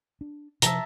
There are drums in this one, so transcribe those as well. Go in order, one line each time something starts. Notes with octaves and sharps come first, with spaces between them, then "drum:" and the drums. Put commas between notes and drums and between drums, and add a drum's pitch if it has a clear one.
D4
C3 F3 E5 A5 A#5, drum: hi-hat